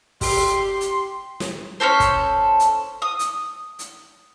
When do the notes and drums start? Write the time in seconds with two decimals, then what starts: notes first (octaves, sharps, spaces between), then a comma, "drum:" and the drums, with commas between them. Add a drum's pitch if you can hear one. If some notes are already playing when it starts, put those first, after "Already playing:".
0.21 G4 C6, drum: kick, open hi-hat
0.81 drum: hi-hat
1.40 drum: snare
1.80 C#4 F#4 A4 C5
2.00 drum: kick, hi-hat
2.60 drum: hi-hat
3.02 D#6
3.19 drum: hi-hat
3.79 drum: hi-hat